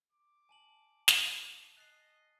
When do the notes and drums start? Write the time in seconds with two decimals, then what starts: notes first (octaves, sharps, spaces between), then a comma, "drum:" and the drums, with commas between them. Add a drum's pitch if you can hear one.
0.12 D6
0.49 G#5 A5 F#7
1.08 drum: snare
1.77 D#5 F#6 A6 C7